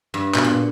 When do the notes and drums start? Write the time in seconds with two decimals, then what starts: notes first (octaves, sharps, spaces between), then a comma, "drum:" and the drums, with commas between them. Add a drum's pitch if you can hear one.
0.14 G2
0.35 B2, drum: clap
0.44 A#2